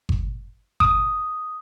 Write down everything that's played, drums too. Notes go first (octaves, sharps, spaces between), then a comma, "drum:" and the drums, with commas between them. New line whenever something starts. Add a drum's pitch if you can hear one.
drum: kick G1
D#6, drum: kick G1